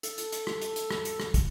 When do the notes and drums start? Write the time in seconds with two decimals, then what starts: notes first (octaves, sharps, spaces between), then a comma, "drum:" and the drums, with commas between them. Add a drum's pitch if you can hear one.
0.03 A4, drum: hi-hat
0.18 drum: hi-hat
0.32 drum: hi-hat
0.47 drum: rim click
0.61 drum: hi-hat
0.76 drum: hi-hat
0.91 drum: rim click
1.05 drum: hi-hat
1.20 drum: rim click
1.34 drum: kick, hi-hat